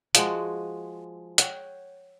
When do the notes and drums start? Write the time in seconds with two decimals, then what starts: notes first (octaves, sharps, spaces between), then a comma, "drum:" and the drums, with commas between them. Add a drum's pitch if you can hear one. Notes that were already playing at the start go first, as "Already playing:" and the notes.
0.15 F3 G#3 F#4, drum: hi-hat
1.38 C#5 F#5 G5, drum: hi-hat